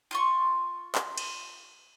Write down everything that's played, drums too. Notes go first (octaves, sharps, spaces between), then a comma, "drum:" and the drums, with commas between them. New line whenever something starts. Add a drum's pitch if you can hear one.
F4 C6 C#6
drum: clap
drum: cymbal